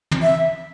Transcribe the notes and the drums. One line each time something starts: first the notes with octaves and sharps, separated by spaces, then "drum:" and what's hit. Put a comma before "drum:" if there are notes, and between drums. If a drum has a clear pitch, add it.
drum: tom
E5